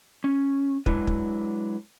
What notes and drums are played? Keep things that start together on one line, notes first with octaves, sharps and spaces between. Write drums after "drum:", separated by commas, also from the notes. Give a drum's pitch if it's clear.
C#4
F#3 G#3 D4 E4 B4, drum: kick
drum: kick